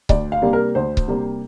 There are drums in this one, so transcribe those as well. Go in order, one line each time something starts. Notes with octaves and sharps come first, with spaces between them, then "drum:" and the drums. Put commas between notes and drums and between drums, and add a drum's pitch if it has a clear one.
D2 D5, drum: kick C#1
F5
C3 G3 A#3 D4
A#4
D2 C5
drum: kick C#1
C3 G3 A#3 D4